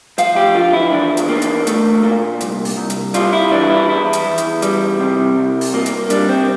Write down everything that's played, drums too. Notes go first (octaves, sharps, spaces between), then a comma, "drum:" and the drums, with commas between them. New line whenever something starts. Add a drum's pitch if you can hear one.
F3 F5, drum: hi-hat
G4
D3 F4
E4
E2 D4
drum: hi-hat
A#3
drum: hi-hat
A3, drum: hi-hat
A#2
C2, drum: hi-hat
drum: open hi-hat
C2
drum: hi-hat
G3 F4, drum: hi-hat
E4
E3 D4
E4
E2 E4
drum: hi-hat
E2
drum: hi-hat
G3, drum: hi-hat
C3
C2
drum: open hi-hat
A#3
drum: hi-hat
G3 D4, drum: hi-hat
C4